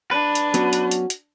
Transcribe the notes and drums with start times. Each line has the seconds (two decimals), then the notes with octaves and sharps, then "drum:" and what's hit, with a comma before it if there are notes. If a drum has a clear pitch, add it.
0.11 D4 B4
0.35 drum: hi-hat
0.54 F#3 B3 C#4 F#4, drum: hi-hat
0.73 drum: hi-hat
0.91 drum: hi-hat
1.10 drum: hi-hat